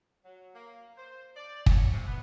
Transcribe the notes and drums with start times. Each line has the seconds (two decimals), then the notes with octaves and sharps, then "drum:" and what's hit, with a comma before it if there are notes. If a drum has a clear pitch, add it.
0.24 F#3
0.53 A#3
0.96 C5
1.36 D5
1.66 C#5, drum: kick
1.91 C3
2.07 B3